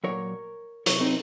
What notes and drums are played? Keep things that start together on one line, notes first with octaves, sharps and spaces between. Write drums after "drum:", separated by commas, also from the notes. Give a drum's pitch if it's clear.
A#2 F#3 A#4 C#5
C3 F#3 A#4 C#5, drum: hi-hat
C4 D#4